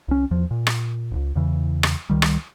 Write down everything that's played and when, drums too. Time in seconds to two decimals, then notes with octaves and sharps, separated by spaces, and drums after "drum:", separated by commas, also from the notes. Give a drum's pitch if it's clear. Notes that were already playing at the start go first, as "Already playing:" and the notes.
0.08 C2 C#4
0.31 E2 F3
0.51 A#2
0.67 drum: rim click
1.12 D1 C#2
1.36 E2 C#3 E3
1.83 drum: rim click
2.10 C#2 D#3 G3
2.22 drum: rim click